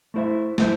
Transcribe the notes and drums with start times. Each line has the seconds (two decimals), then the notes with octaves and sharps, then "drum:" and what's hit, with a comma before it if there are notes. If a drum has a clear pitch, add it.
0.14 A3 E4 C5 E5
0.58 A3 E4 C5 E5, drum: snare